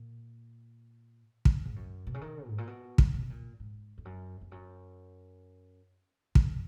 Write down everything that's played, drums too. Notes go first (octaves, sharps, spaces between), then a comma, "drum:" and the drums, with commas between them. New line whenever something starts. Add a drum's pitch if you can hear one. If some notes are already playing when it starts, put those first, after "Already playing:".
Already playing: A#2
drum: kick
G#2
F#2
B2
C#3
D#3
G#2
A#2
B2
drum: kick
A#2
B2
A#2
G#2
F2
F#2
F2
F#2
F2, drum: kick